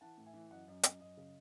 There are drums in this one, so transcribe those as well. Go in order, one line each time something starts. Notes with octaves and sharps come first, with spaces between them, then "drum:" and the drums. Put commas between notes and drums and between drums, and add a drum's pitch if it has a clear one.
E3 F#5 A5
A2
E5 G#5
E3
F#2 D#5 F#5
F#2 D#5
F#2 D#5, drum: hi-hat
F#2 D#5
C#3